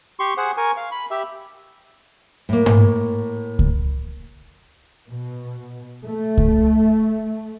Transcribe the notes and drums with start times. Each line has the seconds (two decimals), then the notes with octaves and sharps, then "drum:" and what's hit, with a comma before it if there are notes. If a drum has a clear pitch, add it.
0.19 G4 C6 C#6
0.37 G#4 C5 F#5
0.57 A#4 G#5 C#6
0.77 F5
0.91 B5
1.11 G4 E5
2.49 A2 A#3
2.66 drum: tom G#2
3.59 drum: kick C#2
5.09 B2
6.04 A3
6.38 drum: kick C#2